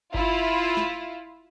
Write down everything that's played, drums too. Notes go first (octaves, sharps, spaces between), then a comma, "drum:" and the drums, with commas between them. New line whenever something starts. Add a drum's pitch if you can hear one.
E4 F4, drum: kick G1
drum: snare